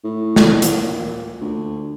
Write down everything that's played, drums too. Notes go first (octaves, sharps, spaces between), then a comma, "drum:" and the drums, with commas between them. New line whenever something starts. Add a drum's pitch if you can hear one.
A2
drum: snare
A#2, drum: hi-hat
D2